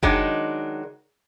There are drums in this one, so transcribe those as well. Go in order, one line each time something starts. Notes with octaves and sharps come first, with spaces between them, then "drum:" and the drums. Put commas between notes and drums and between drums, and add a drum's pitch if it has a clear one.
D#3 F#3 G#3 D4 D#4, drum: kick F#1